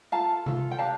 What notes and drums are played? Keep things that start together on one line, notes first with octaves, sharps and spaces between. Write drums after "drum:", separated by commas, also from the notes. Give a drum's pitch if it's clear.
F4 A4 F5 A5
F4 A4, drum: tom C3
G5
D4 G4 A#4 F5 A5